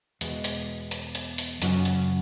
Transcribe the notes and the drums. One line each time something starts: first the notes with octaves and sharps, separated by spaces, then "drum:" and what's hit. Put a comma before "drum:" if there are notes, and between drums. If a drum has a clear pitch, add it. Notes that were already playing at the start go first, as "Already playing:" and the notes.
E2 B2 G#3, drum: hi-hat
drum: hi-hat
drum: hi-hat
drum: hi-hat
drum: hi-hat
F#2 C#3 F#3 C#4 F#4, drum: hi-hat
drum: hi-hat